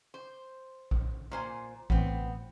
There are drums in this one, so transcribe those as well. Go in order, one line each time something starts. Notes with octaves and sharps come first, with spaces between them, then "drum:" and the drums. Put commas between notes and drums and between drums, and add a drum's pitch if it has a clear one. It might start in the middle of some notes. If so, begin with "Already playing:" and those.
C5
drum: kick
A#2 C5 G#5
A1 B3 C4, drum: kick